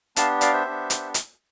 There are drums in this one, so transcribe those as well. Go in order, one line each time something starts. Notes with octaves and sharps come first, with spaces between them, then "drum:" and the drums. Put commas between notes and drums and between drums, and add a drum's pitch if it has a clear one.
B3 D4 G4 F5 A5, drum: hi-hat
D5 F5, drum: hi-hat
C5 E5
B3 D4 G4
drum: hi-hat
drum: hi-hat